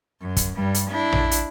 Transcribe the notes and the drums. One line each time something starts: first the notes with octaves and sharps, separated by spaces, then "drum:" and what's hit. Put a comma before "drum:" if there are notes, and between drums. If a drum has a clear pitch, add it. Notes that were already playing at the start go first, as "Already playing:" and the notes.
F#2
drum: kick, hi-hat
G2 G3
drum: hi-hat
D4 E4
drum: tom A1
drum: hi-hat